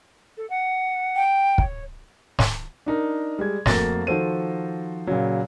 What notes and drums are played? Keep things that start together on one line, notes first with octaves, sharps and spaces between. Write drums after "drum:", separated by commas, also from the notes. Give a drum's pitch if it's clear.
A4
F#5
G5
C#5, drum: kick
drum: snare
D4 D#4 A#4
G3 G#3 G#6
F2 A3 A#3 F#4 A6 A#6, drum: snare
D#3 F3 F#4 A4 C5 D#7
A#2 C#3 F#3